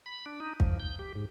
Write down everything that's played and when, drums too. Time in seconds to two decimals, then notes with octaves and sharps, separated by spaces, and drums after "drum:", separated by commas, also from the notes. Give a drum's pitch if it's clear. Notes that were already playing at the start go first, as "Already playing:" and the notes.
0.06 B5
0.26 D4
0.40 D#4
0.60 F3, drum: kick
0.80 G6
0.99 G4
1.15 G#2